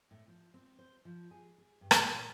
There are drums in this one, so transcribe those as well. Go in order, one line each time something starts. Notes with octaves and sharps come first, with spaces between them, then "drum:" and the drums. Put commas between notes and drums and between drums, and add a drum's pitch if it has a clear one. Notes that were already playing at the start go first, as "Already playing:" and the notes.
A2
F3
C4
C5
F3
G#4
G#4
G2
drum: rim click
A#2